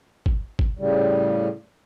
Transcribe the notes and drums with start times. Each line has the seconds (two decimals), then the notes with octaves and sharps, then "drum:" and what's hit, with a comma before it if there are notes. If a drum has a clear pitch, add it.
0.26 drum: kick
0.59 drum: kick
0.79 A2 C#3 G3